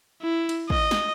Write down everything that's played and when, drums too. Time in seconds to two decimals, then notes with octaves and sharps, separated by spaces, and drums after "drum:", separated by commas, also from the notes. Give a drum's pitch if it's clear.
0.22 E4
0.49 drum: cymbal
0.70 D#5, drum: kick
0.91 drum: snare